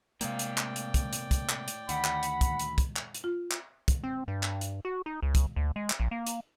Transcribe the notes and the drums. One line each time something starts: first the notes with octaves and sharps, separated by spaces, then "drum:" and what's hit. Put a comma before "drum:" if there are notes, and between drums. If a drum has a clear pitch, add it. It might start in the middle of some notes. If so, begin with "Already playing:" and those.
A2 C3 G#3 A#3 D5 F5 G5, drum: hi-hat
drum: hi-hat
drum: clap
drum: hi-hat
drum: kick, hi-hat
drum: hi-hat
drum: kick, hi-hat
drum: clap
drum: hi-hat
D2 D#3 F#5 B5, drum: hi-hat
drum: clap
drum: hi-hat
drum: kick, hi-hat
drum: hi-hat
drum: kick, hi-hat
drum: clap
drum: hi-hat
F4
drum: clap
drum: kick, hi-hat
C4
G2
drum: clap
drum: hi-hat
F#4
D#4
C#2
drum: kick, hi-hat
D2
G#3
drum: clap
A#1
A#3
drum: hi-hat